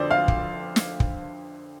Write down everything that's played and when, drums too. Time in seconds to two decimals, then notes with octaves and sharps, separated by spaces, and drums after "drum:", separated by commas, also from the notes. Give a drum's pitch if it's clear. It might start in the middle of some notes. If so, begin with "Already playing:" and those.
Already playing: F2 D3 F3 C5 D5
0.11 F5
0.28 drum: kick
0.76 drum: snare
1.00 drum: kick